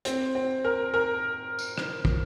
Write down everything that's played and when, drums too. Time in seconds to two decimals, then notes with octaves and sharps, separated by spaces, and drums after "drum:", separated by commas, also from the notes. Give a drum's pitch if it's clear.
0.05 C4, drum: hi-hat
0.35 C4
0.64 A#4
0.94 A#4
1.59 drum: tambourine
1.78 drum: rim click
2.05 drum: kick